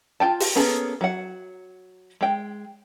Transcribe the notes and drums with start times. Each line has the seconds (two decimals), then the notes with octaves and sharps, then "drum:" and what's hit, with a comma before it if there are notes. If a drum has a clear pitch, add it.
0.20 F4 G5 A5
0.40 drum: open hi-hat
0.55 A#3 B3 C#4 G#4 A4
1.01 F#3 F#5
2.21 G#3 G5